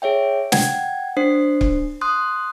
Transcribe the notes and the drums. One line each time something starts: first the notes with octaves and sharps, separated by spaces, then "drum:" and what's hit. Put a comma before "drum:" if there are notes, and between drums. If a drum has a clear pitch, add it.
G#4 C#5 E5 G5
F#5 G5 G#6, drum: snare
D4 C5 C7
drum: kick C#1
C6 D#6 F#6